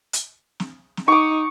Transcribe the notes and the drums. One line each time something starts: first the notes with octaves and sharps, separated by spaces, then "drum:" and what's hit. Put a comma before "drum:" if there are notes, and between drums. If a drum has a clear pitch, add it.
drum: hi-hat
drum: snare
drum: snare
D#4 C#6 D6